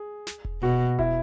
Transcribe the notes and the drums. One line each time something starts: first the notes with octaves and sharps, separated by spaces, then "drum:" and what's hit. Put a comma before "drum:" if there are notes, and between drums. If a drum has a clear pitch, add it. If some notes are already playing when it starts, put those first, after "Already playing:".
Already playing: G#4
drum: snare
drum: kick E1
B2 F#4
E4, drum: kick E1